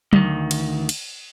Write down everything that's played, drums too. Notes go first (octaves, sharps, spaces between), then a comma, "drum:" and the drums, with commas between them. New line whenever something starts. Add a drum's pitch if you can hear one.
D2 D#3, drum: tom F#3
drum: cymbal
drum: cymbal